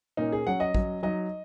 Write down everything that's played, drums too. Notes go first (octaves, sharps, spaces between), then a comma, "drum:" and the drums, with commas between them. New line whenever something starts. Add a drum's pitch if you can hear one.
A#2 A#3 C#4 D#4
G#4
F#3 C#4 F#5
D#5
F#3 C#4, drum: kick A1
F#3 D#4 D#5